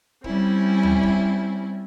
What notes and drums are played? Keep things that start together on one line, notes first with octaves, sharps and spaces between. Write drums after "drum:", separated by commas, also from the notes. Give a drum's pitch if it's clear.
G3 C4 C#4 E4, drum: kick
drum: tom D2
drum: kick